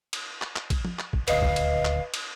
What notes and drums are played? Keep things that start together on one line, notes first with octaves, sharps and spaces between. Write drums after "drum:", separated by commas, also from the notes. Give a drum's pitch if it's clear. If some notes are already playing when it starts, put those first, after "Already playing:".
drum: cymbal
drum: clap
drum: clap
drum: kick, cymbal
drum: tom F3
drum: clap
drum: kick
D#1 D2 B4 D#5 F5, drum: cymbal
drum: kick
drum: cymbal
drum: clap
drum: cymbal